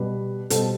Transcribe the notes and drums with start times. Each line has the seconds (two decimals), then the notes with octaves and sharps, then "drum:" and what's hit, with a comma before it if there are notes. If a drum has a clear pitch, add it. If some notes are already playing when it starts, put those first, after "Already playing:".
Already playing: B2 G3 B4 D5
0.50 B2 G3 A4 C5, drum: hi-hat